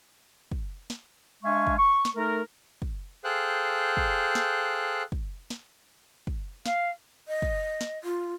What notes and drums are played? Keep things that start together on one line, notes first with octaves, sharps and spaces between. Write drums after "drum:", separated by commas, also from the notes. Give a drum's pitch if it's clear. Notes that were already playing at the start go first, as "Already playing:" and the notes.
drum: kick
drum: snare
G#3 D4 E5 F5 G#5 C#6
drum: kick
C#6
drum: snare
A3 D#4 A4 A#4
drum: kick
G#4 A4 C5 F5 G5 F#6
drum: kick
drum: snare
drum: kick
drum: snare
drum: kick
F5, drum: snare
D#5
drum: kick
drum: snare
F4